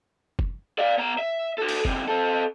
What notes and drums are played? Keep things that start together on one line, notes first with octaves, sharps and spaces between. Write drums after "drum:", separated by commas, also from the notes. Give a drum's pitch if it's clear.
drum: kick
D5 F5
B3 A#5
E5
F#4 A4
drum: open hi-hat
D2 C3, drum: kick
C4 A4